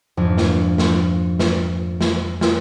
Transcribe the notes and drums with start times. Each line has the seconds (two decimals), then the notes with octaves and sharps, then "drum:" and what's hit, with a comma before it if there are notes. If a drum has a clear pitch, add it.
0.17 F2 G#2 F3 D4 E4
0.38 drum: snare
0.78 drum: snare
1.39 drum: snare
2.01 drum: snare
2.41 drum: snare